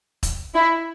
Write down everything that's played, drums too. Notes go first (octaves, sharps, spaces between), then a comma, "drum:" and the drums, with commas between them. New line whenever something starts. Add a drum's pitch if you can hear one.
drum: kick E1, hi-hat
E4